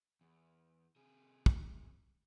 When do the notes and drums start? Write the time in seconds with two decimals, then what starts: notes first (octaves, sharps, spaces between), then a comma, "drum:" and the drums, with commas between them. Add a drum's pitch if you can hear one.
0.21 E2
0.96 C3 G#4
1.46 drum: kick